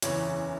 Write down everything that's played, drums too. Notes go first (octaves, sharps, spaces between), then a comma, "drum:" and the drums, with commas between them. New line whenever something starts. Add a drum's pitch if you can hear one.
F#1 E2 C#3 E3 C#5, drum: hi-hat